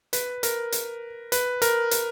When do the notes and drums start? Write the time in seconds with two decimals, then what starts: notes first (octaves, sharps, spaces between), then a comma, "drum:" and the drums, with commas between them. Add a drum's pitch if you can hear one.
0.13 B4, drum: hi-hat
0.43 A#4, drum: hi-hat
0.72 drum: hi-hat
1.32 B4, drum: hi-hat
1.62 A#4, drum: hi-hat
1.91 drum: hi-hat